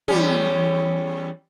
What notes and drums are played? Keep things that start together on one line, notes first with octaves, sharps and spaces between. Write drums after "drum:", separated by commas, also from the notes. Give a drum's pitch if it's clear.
E2 G3 C#4, drum: tom